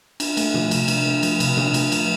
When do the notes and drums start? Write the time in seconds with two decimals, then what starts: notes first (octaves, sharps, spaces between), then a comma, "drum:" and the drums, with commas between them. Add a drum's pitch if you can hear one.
0.20 D4, drum: cymbal
0.37 A3, drum: cymbal
0.54 F3, drum: tom
0.71 C3, drum: cymbal
0.88 D4, drum: cymbal
1.05 A3
1.23 F3, drum: cymbal
1.40 C3, drum: cymbal
1.57 D4, drum: tom
1.74 A3, drum: cymbal
1.92 F3, drum: cymbal